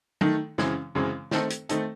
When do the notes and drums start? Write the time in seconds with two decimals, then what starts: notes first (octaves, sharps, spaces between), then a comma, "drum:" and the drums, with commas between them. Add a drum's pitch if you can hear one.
0.21 D#3 A3 D#4 A4, drum: tom
0.58 F#2 C#3 E3 G#3 C4, drum: snare
0.95 F#2 C#3 E3 G#3 C4
1.31 D#3 A3 C4 D#4 A4, drum: snare
1.50 drum: hi-hat
1.69 D#3 A3 C4 D#4 A4, drum: hi-hat